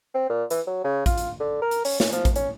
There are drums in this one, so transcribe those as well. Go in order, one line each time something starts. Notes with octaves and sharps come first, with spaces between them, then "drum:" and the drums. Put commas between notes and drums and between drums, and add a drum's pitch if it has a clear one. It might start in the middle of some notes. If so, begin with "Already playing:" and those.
C4
A#2
E3, drum: hi-hat
F#3
C#3
F4, drum: kick A1, hi-hat
drum: hi-hat
D3
A#4
drum: hi-hat
C#4, drum: open hi-hat
C#4, drum: snare
F3, drum: hi-hat
drum: kick A1, hi-hat
C#4, drum: hi-hat